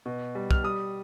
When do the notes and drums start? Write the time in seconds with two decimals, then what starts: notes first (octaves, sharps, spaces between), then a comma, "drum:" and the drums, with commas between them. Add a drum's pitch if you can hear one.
0.06 B2
0.35 G3
0.51 F6, drum: kick
0.64 G3 D#6